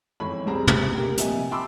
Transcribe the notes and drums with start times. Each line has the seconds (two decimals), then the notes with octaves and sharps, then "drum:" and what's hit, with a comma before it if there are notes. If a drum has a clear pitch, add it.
0.20 F2 G#2 E3 C#5 B5
0.46 C2 G3 C4 G#4 A#5
0.67 drum: tom
0.95 A#3 G4 G5
1.17 A#1 C3 D#5 E5 G5 G#5, drum: hi-hat
1.51 G5 A5 B5 C6 D6 E6